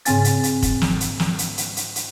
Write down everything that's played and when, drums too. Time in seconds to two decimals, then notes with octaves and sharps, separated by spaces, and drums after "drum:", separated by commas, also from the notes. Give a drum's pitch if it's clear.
0.05 G#2 C#3 C4 G#5 A6, drum: hi-hat
0.24 drum: hi-hat
0.43 drum: hi-hat
0.62 drum: kick F1, hi-hat
0.81 drum: snare
1.01 drum: hi-hat
1.20 drum: snare
1.39 drum: hi-hat
1.58 drum: hi-hat
1.77 drum: hi-hat
1.96 drum: hi-hat